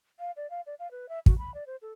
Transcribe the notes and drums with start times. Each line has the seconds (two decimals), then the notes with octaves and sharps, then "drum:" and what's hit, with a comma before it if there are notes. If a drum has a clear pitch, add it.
0.20 F5
0.37 D5
0.50 F5
0.66 D5
0.79 F5
0.91 B4
1.09 E5
1.26 F#4, drum: kick
1.38 B5
1.54 D5
1.67 C5
1.82 A4